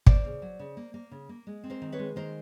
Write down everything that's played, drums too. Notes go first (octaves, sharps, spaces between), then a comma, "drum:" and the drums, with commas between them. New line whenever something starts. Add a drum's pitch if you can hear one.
A#3 C5 D5, drum: kick
C#3
F#3
C#3
A#3
A#3
C#3
A#3
G#3
C4
A#4 C5
D#3
B4 C#5
G#3
D#3 A#4 C5